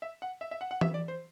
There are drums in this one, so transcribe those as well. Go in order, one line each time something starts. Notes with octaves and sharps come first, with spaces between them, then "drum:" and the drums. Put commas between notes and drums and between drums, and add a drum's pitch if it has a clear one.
E5
F#5
E5
E5
F#5
F#5
E5, drum: tom E3
D5
C5